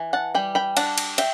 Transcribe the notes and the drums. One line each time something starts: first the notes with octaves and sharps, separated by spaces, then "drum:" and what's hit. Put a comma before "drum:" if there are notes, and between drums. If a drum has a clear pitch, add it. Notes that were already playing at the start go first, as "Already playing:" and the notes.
Already playing: E3
F#5 A5
G3 G5 B5
G5 B5
D4 F#5 A5, drum: cymbal
drum: cymbal
E5 G5, drum: cymbal